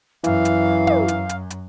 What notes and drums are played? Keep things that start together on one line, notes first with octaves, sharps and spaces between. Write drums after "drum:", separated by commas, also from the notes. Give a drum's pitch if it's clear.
F#2 E3 F5, drum: hi-hat
drum: hi-hat
drum: tom
drum: hi-hat
drum: hi-hat
drum: hi-hat